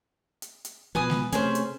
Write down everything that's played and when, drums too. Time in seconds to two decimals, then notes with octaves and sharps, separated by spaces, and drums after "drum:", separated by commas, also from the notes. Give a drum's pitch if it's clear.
0.42 drum: hi-hat
0.65 drum: hi-hat
0.95 B2 F3 B4 G#5 D#6
1.10 drum: snare G#3
1.32 C3 A3 C#4 G#4 C5, drum: hi-hat
1.55 drum: hi-hat